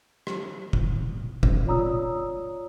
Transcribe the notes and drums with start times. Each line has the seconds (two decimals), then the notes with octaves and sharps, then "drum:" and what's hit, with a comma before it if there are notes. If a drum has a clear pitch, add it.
0.27 drum: rim click
0.73 drum: kick
1.43 drum: kick
1.66 F4 C#5 D5 A#5 D#6 E6